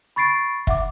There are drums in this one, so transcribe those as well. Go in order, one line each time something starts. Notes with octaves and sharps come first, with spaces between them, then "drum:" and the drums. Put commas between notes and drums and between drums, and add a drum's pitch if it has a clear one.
B5 C#6 A6 C7 D7
E5 F#5 D6, drum: kick